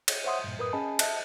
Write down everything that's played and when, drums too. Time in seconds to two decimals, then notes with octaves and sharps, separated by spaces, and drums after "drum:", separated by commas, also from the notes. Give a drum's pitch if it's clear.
0.08 C#5, drum: cymbal
0.24 C5 C#5 E5 F#5 C6 D#6
0.44 G2 A#2
0.57 F#2 A2 A#4 B4 D#6
0.73 C#4 G#4 D#5 G#5 A5 B5
0.99 D#5 E5 A5 F#6, drum: cymbal